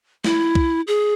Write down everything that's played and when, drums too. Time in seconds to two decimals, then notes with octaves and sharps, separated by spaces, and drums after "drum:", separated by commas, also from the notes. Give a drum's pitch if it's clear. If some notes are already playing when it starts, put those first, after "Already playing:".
0.24 E4, drum: snare
0.55 drum: kick C2
0.87 G#4